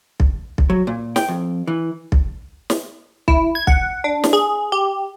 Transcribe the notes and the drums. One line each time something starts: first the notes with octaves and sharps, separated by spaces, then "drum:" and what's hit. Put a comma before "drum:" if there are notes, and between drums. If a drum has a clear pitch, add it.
drum: kick B1
drum: kick B1
F#3
A#2
G5, drum: snare
F2
E3
drum: kick B1
drum: snare
E4, drum: kick B1
G#6
F#5, drum: kick B1
D4
drum: snare
G#4
G4